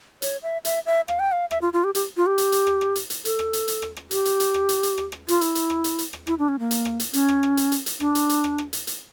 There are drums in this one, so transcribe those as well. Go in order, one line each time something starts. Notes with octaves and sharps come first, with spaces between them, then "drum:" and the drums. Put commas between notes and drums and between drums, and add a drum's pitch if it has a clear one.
C#5, drum: hi-hat
E5
E5, drum: hi-hat
E5
F5, drum: rim click
G5
F5
E5, drum: rim click
F4
F4
G4
G4, drum: hi-hat
F4
G4
drum: hi-hat
drum: hi-hat
drum: rim click
drum: rim click
drum: hi-hat
drum: hi-hat
A4, drum: hi-hat
drum: rim click
drum: hi-hat
drum: hi-hat
drum: rim click
drum: rim click
G4, drum: hi-hat
drum: hi-hat
drum: hi-hat
drum: rim click
drum: hi-hat
drum: hi-hat
drum: rim click
drum: rim click
F4, drum: hi-hat
E4, drum: hi-hat
drum: hi-hat
drum: rim click
drum: hi-hat
drum: hi-hat
drum: rim click
E4, drum: rim click
D4
C#4
A#3
drum: hi-hat
drum: rim click
drum: hi-hat
C#4, drum: hi-hat
drum: rim click
drum: rim click
drum: hi-hat
drum: hi-hat
drum: hi-hat
D4, drum: rim click
drum: hi-hat
drum: hi-hat
drum: rim click
drum: rim click
drum: hi-hat
drum: hi-hat